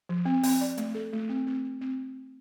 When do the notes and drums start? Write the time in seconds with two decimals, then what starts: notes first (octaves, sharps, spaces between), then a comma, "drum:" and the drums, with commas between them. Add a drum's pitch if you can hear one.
0.09 F3
0.25 C4
0.43 C4, drum: open hi-hat
0.61 D5
0.78 A3, drum: hi-hat
0.95 A4
1.13 A3
1.29 C4
1.47 C4
1.65 C4
1.81 C4